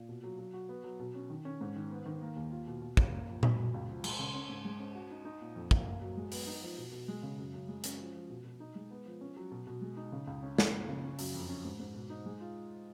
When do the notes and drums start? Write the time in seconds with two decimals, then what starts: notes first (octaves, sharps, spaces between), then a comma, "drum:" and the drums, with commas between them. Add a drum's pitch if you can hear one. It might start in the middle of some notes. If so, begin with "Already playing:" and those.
Already playing: A#2
0.09 B2
0.24 F#3
0.39 F#3
0.54 F#4
0.69 B3
0.84 F#3
0.99 B2
1.15 C#4
1.30 D#3
1.45 C#4
1.61 G#2
1.76 D#3
1.91 B3
2.06 D#3
2.22 A#3
2.36 D#2
2.51 F4
2.67 B2
2.81 B2
2.97 C#2, drum: kick
3.12 A#3
3.28 F3
3.43 B2, drum: tom A#2
3.58 B2
3.74 C#2
3.89 F3
4.04 G#3, drum: cymbal
4.19 C#3
4.34 C#4
4.49 G#2
4.65 G#3
4.79 C#4
4.95 F#4
5.11 D#4
5.25 D#4
5.41 A#2
5.55 F2
5.71 A#3, drum: kick
5.86 A#3
6.01 F#3
6.17 G#3
6.32 B3, drum: open hi-hat
6.47 D#4
6.62 F3
6.78 B2
6.92 B2
7.08 G#3
7.23 C#3
7.38 F#2
7.54 F#2
7.69 G#3
7.84 C#4, drum: hi-hat
8.00 F3
8.15 F3
8.30 B2
8.44 B2
8.60 D#4
8.75 G#3
8.91 B3
9.06 F3
9.21 C#4
9.37 F#3
9.51 B2
9.67 B2
9.82 G#3
9.97 D#4
10.12 C#3
10.27 C#2
10.43 C#4
10.58 A#3, drum: snare
10.73 F3
10.88 C#3
11.04 C#4
11.19 F#2, drum: open hi-hat
11.34 F2
11.49 C#4
11.65 G#2
11.79 G#2
11.94 B2
12.10 D#4
12.26 G#3
12.41 F4